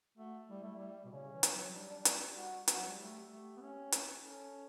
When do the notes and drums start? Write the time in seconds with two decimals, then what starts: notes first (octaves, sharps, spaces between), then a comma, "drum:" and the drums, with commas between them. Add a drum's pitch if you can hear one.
0.18 A3 F#4
0.49 G3 E4
0.63 A3
0.76 G3
1.05 B2
1.12 C#3 C#4
1.33 E3
1.43 drum: hi-hat
1.53 F#3
1.70 F#3
1.74 G3 D4
2.05 drum: hi-hat
2.36 F#4
2.68 F#4, drum: hi-hat
2.76 F#3
2.88 G3
2.98 A3 G4
3.30 A3
3.57 B3
3.61 C#4
3.92 drum: hi-hat
4.23 C#4 A4